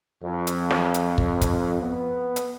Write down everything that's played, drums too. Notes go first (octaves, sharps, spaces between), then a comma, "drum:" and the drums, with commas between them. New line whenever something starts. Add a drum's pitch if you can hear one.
F2
drum: hi-hat
drum: snare
drum: hi-hat
drum: kick
drum: kick, hi-hat
B3
drum: hi-hat